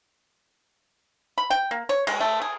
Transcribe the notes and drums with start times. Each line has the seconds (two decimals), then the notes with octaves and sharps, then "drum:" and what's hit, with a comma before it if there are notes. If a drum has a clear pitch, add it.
1.38 B5
1.50 G5
1.71 A#3
1.89 C#5
2.07 G#3, drum: cymbal
2.20 A3
2.42 G#4